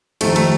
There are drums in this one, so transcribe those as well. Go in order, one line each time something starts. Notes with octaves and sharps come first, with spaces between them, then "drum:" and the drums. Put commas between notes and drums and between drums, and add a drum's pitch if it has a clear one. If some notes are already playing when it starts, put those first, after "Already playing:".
F2 C3 D#3 G3 A3, drum: cymbal
A3, drum: cymbal